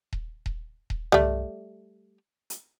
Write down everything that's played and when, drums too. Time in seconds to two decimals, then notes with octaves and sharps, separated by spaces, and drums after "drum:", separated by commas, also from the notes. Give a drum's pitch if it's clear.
0.13 drum: kick D#1
0.46 drum: kick D#1
0.90 drum: kick D#1
1.12 G3 A3, drum: tom
2.50 drum: hi-hat